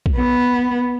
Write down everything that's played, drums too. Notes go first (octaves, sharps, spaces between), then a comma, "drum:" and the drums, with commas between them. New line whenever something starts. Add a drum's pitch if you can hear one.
drum: kick
B3